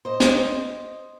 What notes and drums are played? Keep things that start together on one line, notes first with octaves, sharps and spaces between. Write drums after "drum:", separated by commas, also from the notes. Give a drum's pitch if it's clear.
C5 D#5
drum: snare